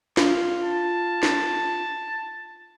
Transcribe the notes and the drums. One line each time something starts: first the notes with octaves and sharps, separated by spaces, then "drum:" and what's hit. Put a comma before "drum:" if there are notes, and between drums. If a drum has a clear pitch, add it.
F4, drum: snare
A5
drum: snare